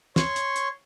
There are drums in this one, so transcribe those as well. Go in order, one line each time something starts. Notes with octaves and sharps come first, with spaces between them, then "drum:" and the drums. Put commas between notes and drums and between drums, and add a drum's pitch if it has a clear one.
C#5 C6 C#6, drum: snare
drum: hi-hat
drum: hi-hat